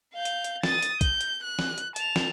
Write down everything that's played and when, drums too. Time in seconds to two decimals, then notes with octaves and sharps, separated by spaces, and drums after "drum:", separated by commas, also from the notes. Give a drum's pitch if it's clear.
0.14 F5 G6
0.25 drum: hi-hat
0.44 drum: hi-hat
0.63 D#6 A6, drum: snare
0.82 drum: hi-hat
1.01 G6, drum: kick, hi-hat
1.21 drum: hi-hat
1.44 F#6
1.59 drum: snare
1.78 drum: hi-hat
1.96 A5 F7, drum: hi-hat
2.16 drum: snare